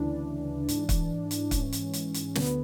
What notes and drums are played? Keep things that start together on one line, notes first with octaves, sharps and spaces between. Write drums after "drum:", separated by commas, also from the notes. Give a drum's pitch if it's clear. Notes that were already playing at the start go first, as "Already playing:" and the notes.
Already playing: D2 C#3 E3 D4
G#2 E3, drum: hi-hat
drum: kick, hi-hat
drum: hi-hat
G#2 E3 C#4, drum: kick, hi-hat
drum: hi-hat
drum: hi-hat
drum: hi-hat
D2 D3 B3, drum: snare